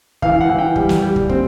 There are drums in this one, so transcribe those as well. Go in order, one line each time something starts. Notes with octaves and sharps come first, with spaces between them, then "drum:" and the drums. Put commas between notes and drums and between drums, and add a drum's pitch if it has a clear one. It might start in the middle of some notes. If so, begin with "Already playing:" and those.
E3 F5, drum: kick
F#5
E3
G5
G3, drum: kick
drum: snare
G3
drum: kick
C4, drum: kick